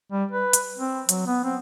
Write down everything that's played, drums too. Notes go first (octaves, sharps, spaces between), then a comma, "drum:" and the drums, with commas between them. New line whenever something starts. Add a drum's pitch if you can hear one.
G3
B4
drum: hi-hat
C4
F#3, drum: hi-hat
B3
C4